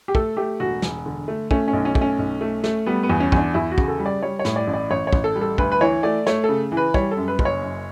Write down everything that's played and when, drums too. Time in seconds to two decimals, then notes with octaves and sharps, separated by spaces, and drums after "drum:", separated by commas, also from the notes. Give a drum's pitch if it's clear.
0.08 G4
0.15 A3 A4, drum: kick
0.37 A3 G4
0.60 E1 F#4
0.82 E1, drum: snare
1.06 D3
1.28 A3
1.51 A3 C#4, drum: kick
1.68 C#4
1.73 B1
1.85 C#4
1.95 A3, drum: kick
2.01 C#4
2.19 B1
2.41 A3
2.64 A3, drum: snare
2.86 G3 B3
3.03 B3
3.10 E2
3.20 C#4
3.32 E2, drum: kick
3.37 D4
3.54 E2 E4
3.71 F#4
3.78 C#3, drum: kick
3.88 A4
3.99 G3
4.06 D5
4.23 G3 C#5
4.39 C#5
4.45 A2, drum: snare
4.56 D5
4.67 A1
4.74 D5
4.90 A1 C#5
5.07 C#5
5.13 A1, drum: kick
5.24 A4
5.36 G3
5.41 A4
5.58 D2 B4, drum: kick
5.72 B4
5.81 E3 C#5
6.03 A3 D5
6.27 A3 C#5, drum: snare
6.44 C#3 A4
6.72 E3
6.77 B4
6.94 G3 C#5, drum: kick
7.11 A4
7.17 F#2
7.28 B4
7.39 F#1, drum: kick
7.45 C#5
7.62 F#2